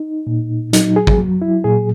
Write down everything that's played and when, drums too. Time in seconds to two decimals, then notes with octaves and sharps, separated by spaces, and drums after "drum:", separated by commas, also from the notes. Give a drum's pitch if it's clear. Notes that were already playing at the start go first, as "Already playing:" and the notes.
Already playing: D#4
0.27 A#2
0.73 F#3 D#4, drum: hi-hat
0.96 G#4
1.07 drum: kick
1.18 F#3
1.42 E4
1.64 A#2 G#4